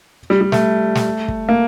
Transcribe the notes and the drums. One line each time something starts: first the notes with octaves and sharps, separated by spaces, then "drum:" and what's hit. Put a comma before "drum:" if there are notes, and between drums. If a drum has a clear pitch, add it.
G3
G3
A3, drum: snare
drum: snare
drum: kick
A#3